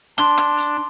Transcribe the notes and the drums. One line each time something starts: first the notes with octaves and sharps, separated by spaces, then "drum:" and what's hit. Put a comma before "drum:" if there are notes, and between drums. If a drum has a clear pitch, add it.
D4 C6 G7, drum: rim click
drum: rim click
drum: hi-hat